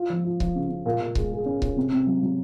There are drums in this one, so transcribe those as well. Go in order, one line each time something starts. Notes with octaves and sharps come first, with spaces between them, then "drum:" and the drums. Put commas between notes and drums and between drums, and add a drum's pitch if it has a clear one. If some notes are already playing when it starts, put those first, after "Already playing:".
Already playing: F4
F3
F4
F3, drum: kick C#1
C#3
C#3
A#2
A#2
G#3, drum: kick C#1
G#4
C#4
C#4, drum: kick C#1
C3
C3
F#3
F#3